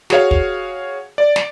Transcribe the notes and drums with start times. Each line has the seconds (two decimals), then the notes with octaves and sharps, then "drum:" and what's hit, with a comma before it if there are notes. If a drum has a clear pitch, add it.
0.10 F#4 G#4 C#5 F5, drum: snare
0.31 drum: kick
1.18 D5
1.36 drum: snare